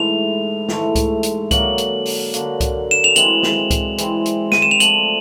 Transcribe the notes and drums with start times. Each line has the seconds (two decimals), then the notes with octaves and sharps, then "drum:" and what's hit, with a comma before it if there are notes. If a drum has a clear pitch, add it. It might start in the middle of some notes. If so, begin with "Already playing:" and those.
Already playing: G#2 E3 A3 F7
0.68 G#2 E3 A3, drum: snare
0.95 drum: kick C2, hi-hat
1.23 drum: hi-hat
1.51 D3 F#3 A#3 F#7, drum: kick C2, hi-hat
1.78 drum: hi-hat
2.05 drum: open hi-hat
2.34 D3 F#3 A#3, drum: hi-hat
2.60 drum: kick C2, hi-hat
2.91 E7
3.04 F7
3.16 E3 G#3 C4 F#7, drum: hi-hat
3.43 drum: snare
3.71 drum: kick C2, hi-hat
3.98 E3 G#3 C4, drum: hi-hat
4.26 drum: hi-hat
4.52 D#7, drum: snare
4.62 E7
4.71 F7
4.80 F3 A3 D4 F#7, drum: hi-hat